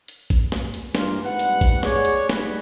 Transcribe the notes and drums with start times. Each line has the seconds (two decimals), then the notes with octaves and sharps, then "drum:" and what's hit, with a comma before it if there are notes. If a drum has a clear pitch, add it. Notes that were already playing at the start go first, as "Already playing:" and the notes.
0.08 drum: hi-hat
0.30 drum: kick, hi-hat
0.52 drum: snare
0.74 drum: hi-hat
0.95 G2 A#2 E3 G3 A#3 F4, drum: snare
1.23 G#2 C3 G3 B4 F#5
1.39 drum: hi-hat
1.61 drum: kick, hi-hat
1.83 G#4 C#5 D5, drum: snare
2.05 drum: hi-hat
2.29 G1 G3 A3 D#4 F#4 B4, drum: snare